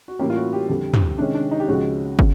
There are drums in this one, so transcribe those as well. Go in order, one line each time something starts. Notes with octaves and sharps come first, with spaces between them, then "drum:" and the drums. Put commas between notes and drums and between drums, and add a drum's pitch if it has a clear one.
F#4
A2 E3 G3 A#3 C#4 G4
F4
F#4
G4
F2 D3 G3
drum: tom
C3 D#3 G#3 C#4 D4
D4
D#4
G4
C#2 C#3 F3 G#3 C#4 F#4
C#3, drum: kick